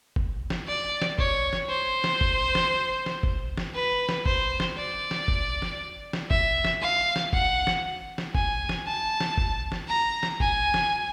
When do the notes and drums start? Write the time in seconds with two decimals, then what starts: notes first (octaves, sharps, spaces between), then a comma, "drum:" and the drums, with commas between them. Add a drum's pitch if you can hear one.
0.16 drum: kick F#1
0.50 drum: snare
0.68 D5
1.02 drum: snare
1.19 C#5, drum: kick F#1
1.53 drum: snare
1.70 C5
2.04 drum: snare
2.21 drum: kick F#1
2.55 drum: snare
3.06 drum: snare
3.23 drum: kick F#1
3.57 drum: snare
3.75 B4
4.09 drum: snare
4.26 C5, drum: kick F#1
4.60 drum: snare
4.77 D5
5.11 drum: snare
5.28 drum: kick F#1
5.62 drum: snare
6.13 drum: snare
6.31 E5, drum: kick F#1
6.65 drum: snare
6.82 F5
7.16 drum: snare
7.33 F#5, drum: kick F#1
7.67 drum: snare
8.18 drum: snare
8.35 G#5, drum: kick F#1
8.69 drum: snare
8.86 A5
9.21 drum: snare
9.38 drum: kick F#1
9.72 drum: snare
9.88 A#5
10.23 drum: snare
10.40 G#5, drum: kick F#1
10.74 drum: snare